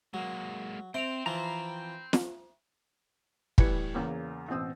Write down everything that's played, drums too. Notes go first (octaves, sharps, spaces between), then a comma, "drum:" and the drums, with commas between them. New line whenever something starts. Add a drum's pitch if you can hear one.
F#3 G#3 A#3
C4 C5 E5 G5 C6 D7 F7
E3 F3 A#5 B5
drum: snare
A2 E3 G3 B4 G#6 C#7, drum: kick
E2 C#3 A#3
A1 B2 C4 D#6 E6